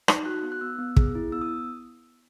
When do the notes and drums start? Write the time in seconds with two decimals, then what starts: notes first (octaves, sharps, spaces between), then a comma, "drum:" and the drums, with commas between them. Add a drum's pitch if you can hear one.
0.08 D#4, drum: rim click
0.25 F#4 F#6
0.43 B3
0.52 F#6
0.61 B3 E6
0.79 B3
0.96 G#4, drum: kick
1.15 E4
1.32 B3 E6
1.41 D#6